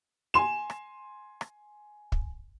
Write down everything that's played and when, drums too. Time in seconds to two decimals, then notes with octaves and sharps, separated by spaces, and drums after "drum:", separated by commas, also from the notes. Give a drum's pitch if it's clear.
0.34 G#5 C6 E7
0.70 drum: rim click
1.41 drum: rim click
2.12 drum: kick